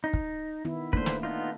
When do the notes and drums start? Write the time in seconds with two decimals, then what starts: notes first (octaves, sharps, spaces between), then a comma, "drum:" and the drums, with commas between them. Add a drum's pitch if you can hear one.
0.04 D#4
0.13 drum: kick
0.65 D#3 B3 E4
0.93 A3 A#3 D4 B4 C5, drum: kick
1.06 drum: snare
1.23 B3 D#4 F4